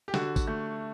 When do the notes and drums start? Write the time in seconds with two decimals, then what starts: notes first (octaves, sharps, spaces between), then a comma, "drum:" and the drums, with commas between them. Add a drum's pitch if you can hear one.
0.08 G4
0.14 D3 F#4, drum: snare
0.36 drum: kick G#1, tambourine
0.47 A3